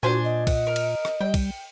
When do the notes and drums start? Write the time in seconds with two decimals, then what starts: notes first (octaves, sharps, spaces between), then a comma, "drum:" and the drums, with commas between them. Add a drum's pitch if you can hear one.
0.03 A#2 D4 F#4 C5 G#5
0.24 D#5
0.47 F#5, drum: kick, cymbal
0.67 A#4
0.76 drum: cymbal
1.05 drum: rim click
1.21 G3 G5
1.34 drum: kick, cymbal